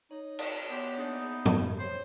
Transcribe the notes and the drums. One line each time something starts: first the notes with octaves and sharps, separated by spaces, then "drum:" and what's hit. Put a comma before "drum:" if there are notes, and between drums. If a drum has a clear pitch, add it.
D#4 C#5
drum: cymbal
B3 G4 B4 C#5 C6 B6
A#3 D4 D#4 G#4 D5 E5
F#2, drum: tom
G4 C5 C#5 G6